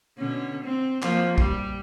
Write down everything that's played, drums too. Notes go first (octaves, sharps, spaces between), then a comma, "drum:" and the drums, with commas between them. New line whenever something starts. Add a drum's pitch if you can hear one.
B2 D3 C#4
C4
F3 A#3, drum: clap
G3, drum: kick